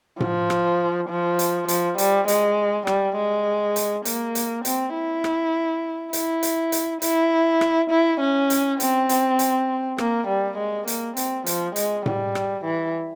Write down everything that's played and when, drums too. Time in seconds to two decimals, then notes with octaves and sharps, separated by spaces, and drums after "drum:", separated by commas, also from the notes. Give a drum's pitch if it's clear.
0.20 F3, drum: tom A2
0.50 drum: rim click
1.09 F3
1.39 drum: hi-hat
1.68 F3, drum: hi-hat
1.98 G3, drum: hi-hat
2.28 G#3, drum: hi-hat
2.87 G3, drum: rim click
3.16 G#3
3.76 drum: hi-hat
4.05 A#3, drum: hi-hat
4.35 drum: hi-hat
4.65 C4, drum: hi-hat
4.94 E4
5.24 drum: rim click
6.13 E4, drum: hi-hat
6.43 drum: hi-hat
6.72 drum: hi-hat
7.02 E4, drum: hi-hat
7.61 drum: rim click
7.90 E4
8.20 C#4
8.50 drum: hi-hat
8.80 C4, drum: hi-hat
9.09 drum: hi-hat
9.39 drum: hi-hat
9.98 A#3, drum: rim click
10.28 G3
10.58 G#3
10.87 A#3, drum: hi-hat
11.17 C4, drum: hi-hat
11.46 F3, drum: hi-hat
11.76 G#3, drum: hi-hat
12.06 G3, drum: tom A2
12.35 drum: rim click
12.65 E3